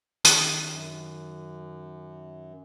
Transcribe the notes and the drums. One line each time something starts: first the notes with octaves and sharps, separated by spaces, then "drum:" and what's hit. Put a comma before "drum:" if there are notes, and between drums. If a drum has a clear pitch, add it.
D#3, drum: hi-hat
F#2